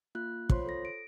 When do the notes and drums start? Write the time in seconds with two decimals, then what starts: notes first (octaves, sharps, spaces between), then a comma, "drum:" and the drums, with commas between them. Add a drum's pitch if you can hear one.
0.15 A#3 F4 F#6
0.49 F4 C5 C#5 C6, drum: kick
0.66 A4 A#6
0.85 D7